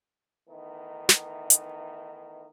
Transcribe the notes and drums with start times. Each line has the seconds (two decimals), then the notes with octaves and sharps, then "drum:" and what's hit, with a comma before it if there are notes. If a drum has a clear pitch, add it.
0.48 D#3 E3 A3 B3 D#4
1.09 drum: snare
1.50 drum: hi-hat